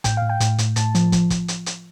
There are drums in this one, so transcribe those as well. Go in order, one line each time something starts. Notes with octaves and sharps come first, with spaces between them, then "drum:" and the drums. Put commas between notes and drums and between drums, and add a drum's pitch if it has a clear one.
A2 G5, drum: kick, hi-hat
A2 F5
G5
A2, drum: hi-hat
A2, drum: hi-hat
A2 A5, drum: hi-hat
F3, drum: hi-hat
F3, drum: kick, hi-hat
drum: kick, hi-hat
drum: hi-hat
drum: hi-hat